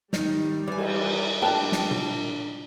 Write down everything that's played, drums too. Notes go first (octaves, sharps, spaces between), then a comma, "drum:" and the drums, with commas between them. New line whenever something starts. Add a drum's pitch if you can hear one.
D#3 G3, drum: snare
E3 D5 G#5
drum: cymbal
D4 F4 B4 G5 A5
drum: snare
drum: tom A#2